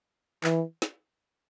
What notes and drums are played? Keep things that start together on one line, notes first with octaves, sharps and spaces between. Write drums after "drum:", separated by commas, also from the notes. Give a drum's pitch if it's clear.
E3, drum: clap
drum: snare